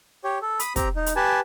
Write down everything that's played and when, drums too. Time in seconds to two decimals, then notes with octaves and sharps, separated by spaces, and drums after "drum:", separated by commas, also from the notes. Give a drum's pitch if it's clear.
0.24 G4 C#5
0.42 A4
0.60 B5 D#6, drum: hi-hat
0.76 C4 G4 A#5, drum: kick, hi-hat
0.96 D#4
1.06 drum: hi-hat
1.16 G4 B4 G#5 A5